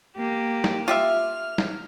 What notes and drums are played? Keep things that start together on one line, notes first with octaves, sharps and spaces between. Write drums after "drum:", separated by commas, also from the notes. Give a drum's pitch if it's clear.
A#3 G4
drum: snare
F4 G4 E5 F6
drum: snare